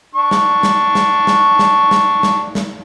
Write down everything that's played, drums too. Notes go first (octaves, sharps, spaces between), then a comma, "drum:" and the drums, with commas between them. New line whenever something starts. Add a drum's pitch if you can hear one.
D4 C#6
drum: snare
drum: snare
drum: snare
drum: snare
drum: snare
drum: snare
drum: snare
drum: snare